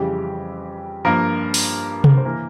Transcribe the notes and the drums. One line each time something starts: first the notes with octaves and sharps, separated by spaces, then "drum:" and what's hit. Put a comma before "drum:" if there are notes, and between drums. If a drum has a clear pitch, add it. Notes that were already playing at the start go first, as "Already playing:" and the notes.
Already playing: F2 C#3 E3 G3 G4
G2 F3 A#3 A#4
drum: open hi-hat
drum: tom C3
C5
E3 A#3 A#4